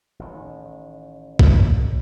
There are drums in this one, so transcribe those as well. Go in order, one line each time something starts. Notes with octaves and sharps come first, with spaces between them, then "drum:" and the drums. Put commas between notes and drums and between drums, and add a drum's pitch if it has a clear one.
A1 D#3
drum: kick